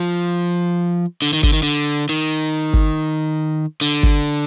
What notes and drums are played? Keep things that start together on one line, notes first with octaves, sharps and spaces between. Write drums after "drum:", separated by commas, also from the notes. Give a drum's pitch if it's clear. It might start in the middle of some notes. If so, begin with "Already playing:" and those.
Already playing: F3
D3
D#3
D3, drum: kick G1
D#3
D3
D#3
drum: kick G1
D3
drum: kick G1